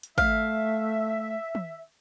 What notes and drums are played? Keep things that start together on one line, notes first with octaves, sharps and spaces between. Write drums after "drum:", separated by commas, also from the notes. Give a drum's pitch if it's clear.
drum: hi-hat
A3 E5 F5, drum: kick
drum: tom